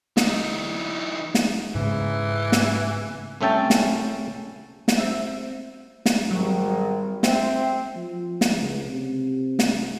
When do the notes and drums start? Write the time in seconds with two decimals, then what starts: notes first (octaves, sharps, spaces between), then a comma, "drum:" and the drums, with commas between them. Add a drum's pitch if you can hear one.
0.17 E3 D#4, drum: snare
1.35 drum: snare
1.75 G#2 C#3 E3
2.52 drum: snare
3.41 C2 A3 C#4 E5 G5 A5
3.70 drum: snare
4.88 drum: snare
4.98 C4 E5
6.06 drum: snare
6.31 G#1 F#3 G3
7.23 C4 C5 E5, drum: snare
7.96 F3
8.41 drum: snare
8.57 C#2
8.86 C3
9.59 drum: snare